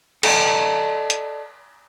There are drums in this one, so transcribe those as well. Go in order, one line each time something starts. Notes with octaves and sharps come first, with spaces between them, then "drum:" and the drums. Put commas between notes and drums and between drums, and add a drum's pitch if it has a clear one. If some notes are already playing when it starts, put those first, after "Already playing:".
A4 D5 D#5 A5 A#5, drum: cymbal
drum: hi-hat